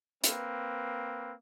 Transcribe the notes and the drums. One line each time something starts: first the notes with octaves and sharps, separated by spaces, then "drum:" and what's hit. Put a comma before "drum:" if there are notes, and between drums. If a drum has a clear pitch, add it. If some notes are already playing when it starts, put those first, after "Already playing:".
A#3 C4 B4, drum: hi-hat